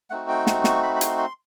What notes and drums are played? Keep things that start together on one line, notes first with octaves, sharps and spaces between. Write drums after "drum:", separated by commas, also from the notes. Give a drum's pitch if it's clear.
A3 C4 D#4 F#4 F#5
G5
C#6, drum: snare
C#6, drum: snare
B5
B5
C6, drum: hi-hat
C6